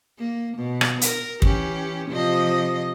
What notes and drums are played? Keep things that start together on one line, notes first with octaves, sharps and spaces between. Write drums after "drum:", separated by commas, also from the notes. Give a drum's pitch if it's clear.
A#3
B2
drum: rim click
A#4, drum: hi-hat
E3 C#4 G4, drum: kick
C3 F3 D#5